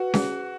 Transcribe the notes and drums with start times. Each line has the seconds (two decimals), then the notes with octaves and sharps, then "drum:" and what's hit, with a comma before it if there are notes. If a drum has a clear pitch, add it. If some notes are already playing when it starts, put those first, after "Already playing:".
Already playing: F#4 B4
0.14 G#4, drum: snare C#4